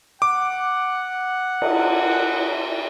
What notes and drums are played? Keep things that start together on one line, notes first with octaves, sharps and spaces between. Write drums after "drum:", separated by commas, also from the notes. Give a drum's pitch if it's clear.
F#5 D6
drum: cymbal